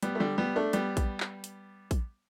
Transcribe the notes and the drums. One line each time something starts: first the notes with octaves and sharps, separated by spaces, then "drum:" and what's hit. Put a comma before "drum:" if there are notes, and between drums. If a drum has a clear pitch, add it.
G3 B3, drum: hi-hat
A3
D3 G3
G3 B3
A3 D4
G3 B3, drum: hi-hat
drum: kick A#1, hi-hat
drum: clap
drum: hi-hat
drum: kick A#1, hi-hat